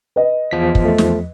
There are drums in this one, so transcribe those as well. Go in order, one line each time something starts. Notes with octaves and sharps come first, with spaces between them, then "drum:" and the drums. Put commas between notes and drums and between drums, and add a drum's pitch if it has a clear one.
B4 D#5
E2 F3 B6
drum: kick
A3
drum: snare